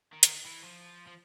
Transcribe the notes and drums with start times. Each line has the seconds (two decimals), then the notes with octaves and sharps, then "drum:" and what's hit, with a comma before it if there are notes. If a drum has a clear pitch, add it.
0.13 D#3
0.23 drum: hi-hat
0.45 E3
0.62 F3
1.07 F3